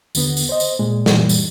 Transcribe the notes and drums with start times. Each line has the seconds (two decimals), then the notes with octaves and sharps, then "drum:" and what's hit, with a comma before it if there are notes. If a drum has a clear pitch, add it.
0.15 D#2 D3 B3, drum: tambourine
0.37 drum: tambourine
0.49 C5 D#5
0.60 drum: tambourine
0.79 A#2 G#3
1.06 F#2 A#2 E3 G3, drum: snare
1.29 drum: tambourine